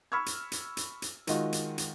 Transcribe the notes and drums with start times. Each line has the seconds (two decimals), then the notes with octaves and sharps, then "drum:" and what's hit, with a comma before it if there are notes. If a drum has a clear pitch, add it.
0.12 B5 C#6 E6 F6 G#6
0.26 drum: hi-hat
0.52 drum: hi-hat
0.77 drum: hi-hat
1.02 drum: hi-hat
1.27 D#3 G#3 F4 F#4 D#5, drum: hi-hat
1.53 drum: hi-hat
1.78 drum: hi-hat